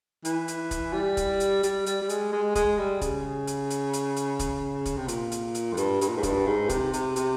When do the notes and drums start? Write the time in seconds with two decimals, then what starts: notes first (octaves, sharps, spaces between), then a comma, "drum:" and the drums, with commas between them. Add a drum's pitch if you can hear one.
0.25 E3, drum: hi-hat
0.48 drum: hi-hat
0.71 drum: kick, hi-hat
0.93 G3
1.17 drum: kick, hi-hat
1.40 drum: hi-hat
1.63 G3, drum: hi-hat
1.86 G3, drum: hi-hat
2.02 G3
2.09 G#3, drum: hi-hat
2.33 G#3
2.55 G#3, drum: kick, hi-hat
2.78 G3
3.01 C#3, drum: kick, hi-hat
3.47 drum: hi-hat
3.70 drum: hi-hat
3.93 drum: hi-hat
4.16 drum: hi-hat
4.39 drum: kick, hi-hat
4.85 drum: kick, hi-hat
4.97 C3
5.08 A#2, drum: hi-hat
5.32 drum: hi-hat
5.55 drum: hi-hat
5.73 F2
5.77 G2, drum: hi-hat
6.01 G2, drum: hi-hat
6.08 A#2
6.17 G#2
6.23 G2, drum: kick, hi-hat
6.47 G#2
6.69 C3, drum: kick, hi-hat
6.93 C3, drum: hi-hat
7.16 C3, drum: hi-hat